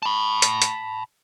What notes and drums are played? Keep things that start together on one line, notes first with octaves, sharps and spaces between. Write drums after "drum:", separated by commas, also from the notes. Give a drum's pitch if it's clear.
A5 B5
drum: hi-hat
drum: hi-hat